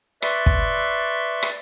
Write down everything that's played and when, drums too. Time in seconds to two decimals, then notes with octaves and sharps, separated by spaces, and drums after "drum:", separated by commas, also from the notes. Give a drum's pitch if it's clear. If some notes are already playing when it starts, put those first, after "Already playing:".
0.22 B4 D5 E5 C6 C#6, drum: rim click
0.46 drum: kick
1.43 drum: rim click